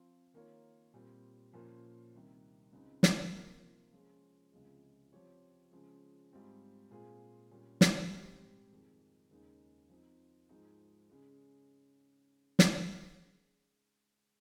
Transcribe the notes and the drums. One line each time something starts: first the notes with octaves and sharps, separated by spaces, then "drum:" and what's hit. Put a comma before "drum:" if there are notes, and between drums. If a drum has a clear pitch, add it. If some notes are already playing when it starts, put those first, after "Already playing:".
Already playing: F3 C4 F4
D#3 A#3 F4 A#4 C#5
A#2 G3 C4
A#2 F3 A#3 C#4
C2 C3 D#3
C#2 C#3 G#3 C4 D#4
drum: snare
C3 F3 A#3 D#4 A#4
F3 G#3 C#4 F4 G#4
C#2 C3 F3 G#3
F3 C4 G4 C#5
C#3 F3 G#3
G#2 G3 C4 F4
A#2 G#3 C4 F4 G#4
A#2 G3 C#4
drum: snare
G#2 G3 C4 G4
F2 D#3 G#3
D#2 C#3 G#3 D#4
F3 C4 D#4
G#2 F3 G#3 D#4
C#3 G#3
drum: snare